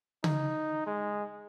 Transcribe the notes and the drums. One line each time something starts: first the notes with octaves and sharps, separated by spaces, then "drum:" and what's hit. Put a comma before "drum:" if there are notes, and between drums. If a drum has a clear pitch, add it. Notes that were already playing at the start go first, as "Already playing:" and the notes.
D#4, drum: tom
G#3